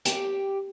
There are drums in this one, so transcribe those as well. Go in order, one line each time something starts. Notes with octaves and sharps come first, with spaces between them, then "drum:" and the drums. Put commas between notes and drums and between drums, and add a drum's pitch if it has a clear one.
G4, drum: hi-hat